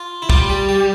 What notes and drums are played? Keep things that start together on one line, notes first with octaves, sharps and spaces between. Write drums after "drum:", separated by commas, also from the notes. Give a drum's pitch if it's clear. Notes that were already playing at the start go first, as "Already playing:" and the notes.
Already playing: F4
E4
G3 F4, drum: kick
G4
G4